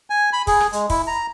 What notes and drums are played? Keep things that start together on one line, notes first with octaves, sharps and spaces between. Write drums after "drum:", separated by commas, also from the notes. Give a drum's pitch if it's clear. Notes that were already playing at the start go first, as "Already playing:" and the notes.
G#5
B5
G#4, drum: kick, open hi-hat
drum: rim click
G#3, drum: hi-hat
E4, drum: kick, open hi-hat
A#5